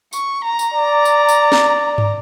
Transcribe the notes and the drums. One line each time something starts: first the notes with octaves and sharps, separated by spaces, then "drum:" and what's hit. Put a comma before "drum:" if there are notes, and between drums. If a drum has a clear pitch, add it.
C#6, drum: tambourine
A#5
drum: tambourine
D5
drum: tambourine
drum: tambourine
drum: snare
drum: tom G2